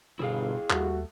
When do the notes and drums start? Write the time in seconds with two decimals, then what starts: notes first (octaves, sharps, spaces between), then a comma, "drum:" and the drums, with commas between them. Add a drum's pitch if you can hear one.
0.19 G1 B2 E4 G#4 F5
0.70 D#2 G3 A3 F#4, drum: clap